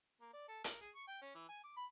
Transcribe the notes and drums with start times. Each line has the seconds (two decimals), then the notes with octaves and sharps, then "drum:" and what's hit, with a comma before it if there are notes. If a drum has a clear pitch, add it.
0.21 A#3
0.33 D5
0.48 A4
0.64 A#4, drum: hi-hat
0.81 G#4
0.95 C#6
1.08 G5
1.22 C#4
1.35 E3
1.49 G#5
1.64 D6
1.77 B5